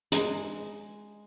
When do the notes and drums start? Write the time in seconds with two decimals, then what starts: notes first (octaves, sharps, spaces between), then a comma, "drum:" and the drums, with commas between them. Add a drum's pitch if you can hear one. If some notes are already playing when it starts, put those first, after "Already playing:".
0.12 G#3, drum: hi-hat